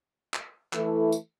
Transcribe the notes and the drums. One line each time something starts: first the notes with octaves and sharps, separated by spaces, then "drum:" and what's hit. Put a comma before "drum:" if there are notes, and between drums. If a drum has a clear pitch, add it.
drum: clap
E3 A3 E4 A4, drum: clap
drum: tambourine